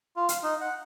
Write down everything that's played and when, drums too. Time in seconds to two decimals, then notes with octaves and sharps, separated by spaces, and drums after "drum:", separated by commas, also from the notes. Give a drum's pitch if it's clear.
0.16 F4
0.29 F5, drum: hi-hat
0.43 D#4
0.61 F#5